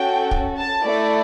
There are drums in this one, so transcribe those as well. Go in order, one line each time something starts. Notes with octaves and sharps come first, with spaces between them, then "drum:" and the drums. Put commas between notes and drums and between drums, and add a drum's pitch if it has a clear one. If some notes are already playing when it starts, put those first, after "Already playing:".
Already playing: C#4 F#4 A4 G5
drum: kick
A5
A3 E4 A4 D5